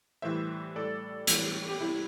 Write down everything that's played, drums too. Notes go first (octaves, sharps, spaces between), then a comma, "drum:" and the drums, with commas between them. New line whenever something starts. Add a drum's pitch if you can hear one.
A2 E3 G3 C5 E5
A2 G3 A4 D5
A2 E3 G3, drum: hi-hat
G4
C3 G3 E4